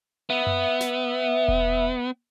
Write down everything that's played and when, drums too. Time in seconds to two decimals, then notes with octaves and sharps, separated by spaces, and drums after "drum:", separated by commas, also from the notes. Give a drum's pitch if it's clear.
0.30 B3 E5
0.47 drum: tom F#2
0.81 drum: snare
1.48 drum: kick E1